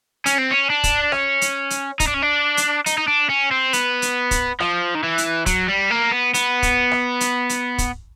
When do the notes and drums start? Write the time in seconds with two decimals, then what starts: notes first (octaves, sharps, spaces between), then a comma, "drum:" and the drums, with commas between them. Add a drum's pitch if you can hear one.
0.26 C#4, drum: hi-hat
0.39 C4
0.51 C#4
0.70 D4
0.84 drum: kick, hi-hat
1.12 C#4, drum: rim click
1.41 drum: hi-hat
1.70 drum: hi-hat
2.00 D#4, drum: kick, hi-hat
2.07 D4
2.14 C#4
2.22 D4
2.57 drum: hi-hat
2.86 D#4, drum: hi-hat
2.98 D#4
3.08 D4
3.29 C#4
3.51 C4
3.73 B3, drum: hi-hat
4.02 drum: hi-hat
4.31 drum: kick, hi-hat
4.61 F3, drum: rim click
4.95 D#3
5.03 E3
5.18 drum: hi-hat
5.46 F#3, drum: kick, hi-hat
5.68 G3
5.91 A#3
6.12 B3
6.34 B3, drum: hi-hat
6.63 drum: kick, hi-hat
6.92 drum: rim click
7.20 drum: hi-hat
7.49 drum: hi-hat
7.78 drum: kick, hi-hat